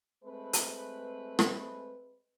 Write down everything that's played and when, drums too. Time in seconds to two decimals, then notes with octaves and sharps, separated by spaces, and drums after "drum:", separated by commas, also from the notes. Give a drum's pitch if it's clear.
0.24 G#3 A3 C4 B4
0.53 drum: hi-hat
1.39 drum: rim click